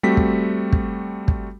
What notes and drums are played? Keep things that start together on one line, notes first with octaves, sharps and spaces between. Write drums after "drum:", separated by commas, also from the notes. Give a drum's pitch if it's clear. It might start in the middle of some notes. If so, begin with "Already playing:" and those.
G3 A3 C4 F#4 B6
drum: kick
drum: kick
drum: kick